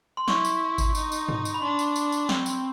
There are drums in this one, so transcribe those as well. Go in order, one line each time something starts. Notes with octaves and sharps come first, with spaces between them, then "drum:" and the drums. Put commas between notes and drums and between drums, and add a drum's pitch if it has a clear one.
C6
E4 C#6, drum: snare
drum: tambourine
drum: kick G#1, tambourine
D#4, drum: tambourine
drum: tambourine
drum: tom
drum: tambourine
B5
D4 C6
drum: tambourine
drum: tambourine
drum: tambourine
C4, drum: snare
drum: tambourine